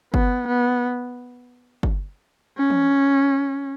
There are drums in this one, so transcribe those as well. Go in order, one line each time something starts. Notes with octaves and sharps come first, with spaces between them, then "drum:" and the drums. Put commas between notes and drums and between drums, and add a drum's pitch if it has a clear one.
B3, drum: kick G1
B3
drum: kick G1
C#4
drum: tom E3